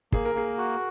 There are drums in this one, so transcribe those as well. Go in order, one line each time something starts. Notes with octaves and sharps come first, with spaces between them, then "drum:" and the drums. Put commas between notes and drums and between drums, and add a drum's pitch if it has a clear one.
A#3 G#4, drum: kick
A#4
A#3 G#4
F#4